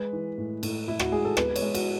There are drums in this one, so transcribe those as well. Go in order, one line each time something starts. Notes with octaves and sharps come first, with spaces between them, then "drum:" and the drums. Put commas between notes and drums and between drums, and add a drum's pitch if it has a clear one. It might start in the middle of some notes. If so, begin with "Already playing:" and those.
Already playing: G#3 B4
E3
A2
A2, drum: cymbal
A2 E4
F#4, drum: rim click
G#3 G#4
A4
B3 B4, drum: rim click
C#5, drum: cymbal
G#3
F#4, drum: cymbal